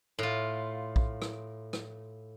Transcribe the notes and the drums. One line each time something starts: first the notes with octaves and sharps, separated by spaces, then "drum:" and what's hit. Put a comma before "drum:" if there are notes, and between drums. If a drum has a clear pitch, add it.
A2 F4
drum: kick A#1
drum: rim click
drum: rim click